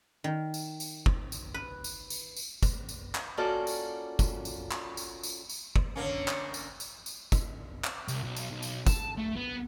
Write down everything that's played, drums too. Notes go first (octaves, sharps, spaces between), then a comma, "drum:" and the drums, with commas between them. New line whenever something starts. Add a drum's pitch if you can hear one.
D#3
drum: tambourine
drum: tambourine
drum: kick
drum: tambourine
B4
drum: tambourine
drum: tambourine
drum: tambourine
drum: kick, tambourine
drum: tambourine
drum: clap
A#3 C#4 F4 F#4 A4 D5
drum: tambourine
drum: kick, tambourine
drum: tambourine
drum: clap
drum: tambourine
drum: tambourine
drum: tambourine
drum: kick
D3 A#3 C#4
drum: clap
drum: tambourine
drum: tambourine
drum: tambourine
drum: kick, tambourine
drum: clap
C2, drum: tambourine
B1
drum: tambourine
B1
drum: tambourine
A5, drum: kick, tambourine
A3
B3